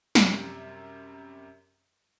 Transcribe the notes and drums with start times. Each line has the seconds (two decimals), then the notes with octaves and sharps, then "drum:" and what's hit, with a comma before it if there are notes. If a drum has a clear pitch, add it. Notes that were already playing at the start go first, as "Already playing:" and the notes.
0.15 F#2 C3 G3, drum: snare